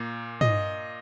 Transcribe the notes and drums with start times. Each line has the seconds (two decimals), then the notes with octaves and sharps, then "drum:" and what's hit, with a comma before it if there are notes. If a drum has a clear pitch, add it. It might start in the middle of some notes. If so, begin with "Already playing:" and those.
Already playing: A#2 A#3
0.41 D#5, drum: tom